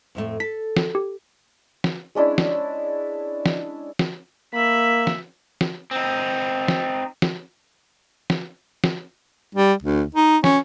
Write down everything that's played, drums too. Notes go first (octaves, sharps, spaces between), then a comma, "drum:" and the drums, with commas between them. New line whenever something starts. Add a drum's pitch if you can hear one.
F2 A2 A3
A4 B6
drum: snare
G4
drum: snare
G#3 C#4 D4 E4
drum: snare
drum: snare
drum: snare
A#3 E5 B5
drum: snare
drum: snare
C4 D#4
drum: snare
drum: snare
drum: snare
drum: snare
G3
D2
D#4
C#4, drum: snare